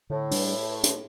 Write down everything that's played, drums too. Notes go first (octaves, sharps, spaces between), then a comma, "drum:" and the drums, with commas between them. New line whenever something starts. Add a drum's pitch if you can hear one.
A2 D3
G3 D4, drum: open hi-hat
drum: hi-hat